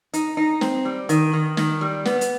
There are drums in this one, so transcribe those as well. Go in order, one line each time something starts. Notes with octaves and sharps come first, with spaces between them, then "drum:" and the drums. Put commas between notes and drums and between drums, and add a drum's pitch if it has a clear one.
D#4, drum: hi-hat
D#4
C4, drum: snare
G3
D#3, drum: hi-hat
D#3
D#3, drum: snare
G3
B3, drum: snare
drum: hi-hat